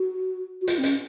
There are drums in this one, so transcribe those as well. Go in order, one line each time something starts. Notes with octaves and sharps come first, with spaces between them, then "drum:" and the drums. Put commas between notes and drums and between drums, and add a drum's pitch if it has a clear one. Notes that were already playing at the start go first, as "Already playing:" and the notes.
Already playing: F#4
F#4
F4, drum: hi-hat
C4
C#4, drum: hi-hat